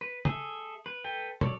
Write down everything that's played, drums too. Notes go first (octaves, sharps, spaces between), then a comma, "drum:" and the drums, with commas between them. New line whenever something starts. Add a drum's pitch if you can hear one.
B4
G#4 A4 E5, drum: tom
B4
A4 B4 G5
F#3 A4 C#5 D5, drum: tom